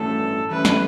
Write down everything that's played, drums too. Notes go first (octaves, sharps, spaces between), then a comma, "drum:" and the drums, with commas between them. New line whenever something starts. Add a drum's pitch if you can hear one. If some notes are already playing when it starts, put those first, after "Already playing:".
Already playing: G2 E3 A3 C#4 F#4 A4
E3 G3 C#4 E4 A4 B4
drum: snare